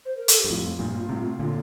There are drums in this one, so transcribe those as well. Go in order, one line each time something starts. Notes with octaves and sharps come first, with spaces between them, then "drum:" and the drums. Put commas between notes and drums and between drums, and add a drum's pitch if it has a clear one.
C5
A#4
A4, drum: hi-hat
G4
G2
F2 A2 F4
G2 A#2
A2 C3
A#2 D3